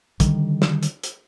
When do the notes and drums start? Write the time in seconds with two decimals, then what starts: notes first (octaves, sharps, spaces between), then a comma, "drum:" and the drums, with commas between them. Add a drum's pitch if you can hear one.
0.20 D3 D#3 G3, drum: kick, hi-hat
0.62 drum: snare
0.83 drum: hi-hat
1.03 drum: hi-hat